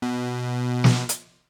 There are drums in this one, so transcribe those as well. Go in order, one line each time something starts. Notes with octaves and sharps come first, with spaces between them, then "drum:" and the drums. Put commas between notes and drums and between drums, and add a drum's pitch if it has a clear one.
B2
drum: snare
drum: hi-hat